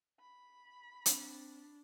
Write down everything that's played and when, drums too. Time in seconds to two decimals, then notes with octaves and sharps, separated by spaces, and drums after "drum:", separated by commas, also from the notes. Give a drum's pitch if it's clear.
0.21 B5
1.06 C4 D4, drum: hi-hat